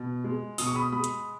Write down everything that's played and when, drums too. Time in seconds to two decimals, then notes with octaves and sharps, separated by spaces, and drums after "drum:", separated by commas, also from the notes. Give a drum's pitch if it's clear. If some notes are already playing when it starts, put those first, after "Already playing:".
Already playing: B2
0.24 G#3
0.58 B2 D#6, drum: open hi-hat
0.67 C#6
0.76 B5 D#6
0.92 G#3 B5 D#6
1.04 drum: hi-hat